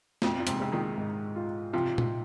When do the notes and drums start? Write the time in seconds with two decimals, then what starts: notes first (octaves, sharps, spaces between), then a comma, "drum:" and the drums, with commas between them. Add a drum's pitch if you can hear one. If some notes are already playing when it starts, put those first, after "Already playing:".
0.22 F2 A#2 C4, drum: snare
0.39 A#2
0.47 G#2 C3, drum: hi-hat
0.60 C3 G#3
0.72 A#2 D#3
0.98 G#2
1.36 F4
1.73 C3 F3 F4
1.98 drum: tom A#2